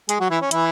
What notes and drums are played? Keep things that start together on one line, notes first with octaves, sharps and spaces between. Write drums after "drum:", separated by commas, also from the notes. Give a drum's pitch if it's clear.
G#3 G#4, drum: hi-hat
F#3 F#4
E3 E4
C#4
E3 E4, drum: hi-hat